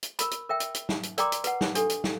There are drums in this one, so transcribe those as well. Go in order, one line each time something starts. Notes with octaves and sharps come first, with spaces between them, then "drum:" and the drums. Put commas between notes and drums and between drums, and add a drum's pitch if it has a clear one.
drum: hi-hat
A#4 B5, drum: hi-hat
drum: hi-hat
A#4 E5 G5
drum: hi-hat
drum: hi-hat
drum: snare
drum: hi-hat
A#4 D5 G5 A#5 C6 D6, drum: hi-hat
drum: hi-hat
B4 F#5, drum: hi-hat
drum: snare
D4 G4 A4, drum: hi-hat
drum: hi-hat
drum: snare